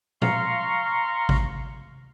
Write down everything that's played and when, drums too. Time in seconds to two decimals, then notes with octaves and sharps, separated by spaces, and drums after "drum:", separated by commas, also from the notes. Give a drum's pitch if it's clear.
0.22 F5 A#5 C6 C#6 F6, drum: tom A#2
1.29 drum: kick G#1